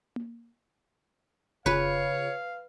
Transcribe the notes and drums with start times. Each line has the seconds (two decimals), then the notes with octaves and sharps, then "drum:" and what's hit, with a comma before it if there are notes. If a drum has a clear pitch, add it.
0.16 drum: tom A#3
1.66 C#3 F4 G#4 B4 C#5 F5, drum: kick F1